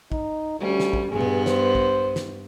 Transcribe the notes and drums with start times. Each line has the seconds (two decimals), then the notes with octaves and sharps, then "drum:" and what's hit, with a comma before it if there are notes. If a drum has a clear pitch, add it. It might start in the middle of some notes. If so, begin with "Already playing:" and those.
0.12 D#4, drum: kick
0.60 D2 G3 C#4
0.80 drum: snare
0.93 drum: kick
1.11 G2 B3 G#4
1.21 drum: tom A#2
1.46 C5, drum: snare
1.75 drum: kick
2.16 drum: snare